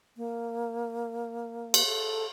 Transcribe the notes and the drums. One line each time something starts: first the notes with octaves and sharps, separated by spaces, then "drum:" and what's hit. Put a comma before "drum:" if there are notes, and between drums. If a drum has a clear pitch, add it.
A#3
drum: cymbal
A4